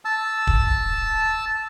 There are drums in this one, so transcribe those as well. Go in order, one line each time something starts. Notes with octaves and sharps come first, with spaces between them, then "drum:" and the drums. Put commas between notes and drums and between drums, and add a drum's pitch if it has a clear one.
A5 E6
drum: kick